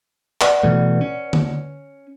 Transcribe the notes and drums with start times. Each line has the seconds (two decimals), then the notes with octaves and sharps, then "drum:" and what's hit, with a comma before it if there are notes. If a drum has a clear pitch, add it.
0.41 B4 D5 F#5, drum: clap
0.63 B2 E3 A3
1.01 C#4
1.33 drum: tom D3